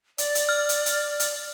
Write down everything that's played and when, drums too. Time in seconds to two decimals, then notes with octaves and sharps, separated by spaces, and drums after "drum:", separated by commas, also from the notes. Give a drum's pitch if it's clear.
0.18 D5, drum: hi-hat
0.35 drum: hi-hat
0.49 F6
0.69 drum: hi-hat
0.86 drum: hi-hat
1.20 drum: hi-hat